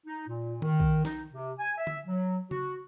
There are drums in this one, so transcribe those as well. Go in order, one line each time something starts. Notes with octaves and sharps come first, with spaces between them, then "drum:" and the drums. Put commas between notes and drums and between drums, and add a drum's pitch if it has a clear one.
D#4
A#2
D#3, drum: tom D3
drum: kick
D#4, drum: snare
C3
G#5
E5
drum: tom D3
F#3
F#4, drum: tom C#3